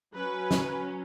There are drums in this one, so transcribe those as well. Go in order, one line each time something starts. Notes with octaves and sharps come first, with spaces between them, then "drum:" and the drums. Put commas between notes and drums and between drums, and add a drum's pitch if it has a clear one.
F#3 C#4 B4
drum: snare